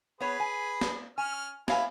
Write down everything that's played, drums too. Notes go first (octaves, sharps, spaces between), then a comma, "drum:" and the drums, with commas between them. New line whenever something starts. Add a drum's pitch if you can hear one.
B3 G#4 B4 C#5
G#5
drum: snare
C#4 G#5 F6
E4 C#5 F5 G#5, drum: snare